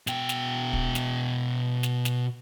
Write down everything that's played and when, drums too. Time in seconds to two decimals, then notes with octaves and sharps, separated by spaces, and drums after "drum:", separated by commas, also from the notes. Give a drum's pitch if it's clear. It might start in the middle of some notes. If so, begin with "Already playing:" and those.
0.07 B2 G5, drum: snare
0.29 drum: snare
0.73 drum: kick
0.95 drum: snare
1.83 drum: snare
2.05 drum: snare